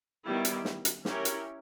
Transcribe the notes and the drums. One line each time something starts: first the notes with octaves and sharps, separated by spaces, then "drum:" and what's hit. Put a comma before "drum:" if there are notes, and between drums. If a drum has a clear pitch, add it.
D#3 G3 B3 E4
drum: hi-hat
drum: snare
drum: hi-hat
C#4 E4 G4 A#4 C#5, drum: snare
drum: hi-hat